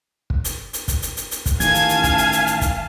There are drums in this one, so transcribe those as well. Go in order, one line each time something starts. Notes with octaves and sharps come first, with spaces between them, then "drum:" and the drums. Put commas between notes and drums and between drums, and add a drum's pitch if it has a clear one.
drum: kick
drum: hi-hat
drum: hi-hat
drum: kick, hi-hat
drum: hi-hat
drum: hi-hat
drum: hi-hat
drum: kick, hi-hat
A1 D#3 F5 G#5 A5 G#6, drum: hi-hat
drum: hi-hat
drum: hi-hat
drum: kick, hi-hat
drum: hi-hat
drum: hi-hat
drum: hi-hat
drum: kick, hi-hat